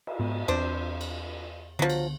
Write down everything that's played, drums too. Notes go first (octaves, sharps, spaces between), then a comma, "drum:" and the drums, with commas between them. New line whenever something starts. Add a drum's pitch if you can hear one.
drum: cymbal
G#2 B3
E2 C4 D4 C5
drum: cymbal
C#2 D3 F3 F#3 B3
drum: cymbal